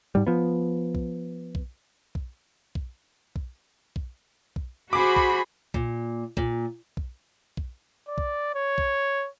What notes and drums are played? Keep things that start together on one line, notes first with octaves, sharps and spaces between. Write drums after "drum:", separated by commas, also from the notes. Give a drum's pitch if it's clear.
G#2 G3
F3 B3
drum: kick B1
drum: kick B1
drum: kick B1
drum: kick B1
drum: kick B1
drum: kick B1
drum: kick B1
F#4 G#4 C5 B5 D6
drum: kick B1
A#2, drum: kick B1
A#2, drum: kick B1
drum: kick B1
drum: kick B1
D5
drum: kick B1
C#5
drum: kick B1